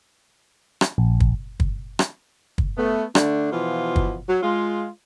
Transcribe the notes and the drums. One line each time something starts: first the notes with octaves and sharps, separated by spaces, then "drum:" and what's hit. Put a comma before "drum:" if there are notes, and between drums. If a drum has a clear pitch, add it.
drum: rim click
A#1
drum: kick
drum: kick
drum: rim click
drum: kick
A3 B3
D3 A3 D4, drum: rim click
B2 E3 F3 F4
drum: kick
F#3
G#3 F4